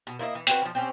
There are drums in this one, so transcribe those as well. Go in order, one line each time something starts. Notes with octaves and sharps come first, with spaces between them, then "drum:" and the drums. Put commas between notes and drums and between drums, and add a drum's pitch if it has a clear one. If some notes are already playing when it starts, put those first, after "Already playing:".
B2
A#3 E4 A4 D#5
E3
C4 F#4 B4, drum: hi-hat
E3 F3
C4 C#4 G4